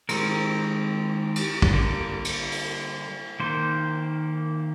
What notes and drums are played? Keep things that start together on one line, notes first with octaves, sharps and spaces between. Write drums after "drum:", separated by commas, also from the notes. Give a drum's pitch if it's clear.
D#3 G#3 C4 A#4, drum: cymbal
drum: cymbal
drum: kick
D3 G3 A#3
drum: cymbal
drum: open hi-hat
D#3 A#3 C5